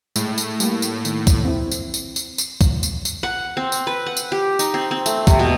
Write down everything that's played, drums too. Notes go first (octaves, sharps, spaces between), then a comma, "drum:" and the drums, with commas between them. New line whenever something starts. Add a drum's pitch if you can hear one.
A2 G#3, drum: tambourine
drum: tambourine
G3 A#3, drum: tambourine
drum: tambourine
D#3, drum: tambourine
drum: kick, tambourine
C4 E4
drum: tambourine
drum: tambourine
drum: tambourine
drum: tambourine
drum: kick, tambourine
drum: tambourine
drum: tambourine
F#5
C4
drum: tambourine
B4
F#5
drum: tambourine
G4
D#4, drum: tambourine
C4
C4
A3, drum: tambourine
C3, drum: kick, tambourine
B2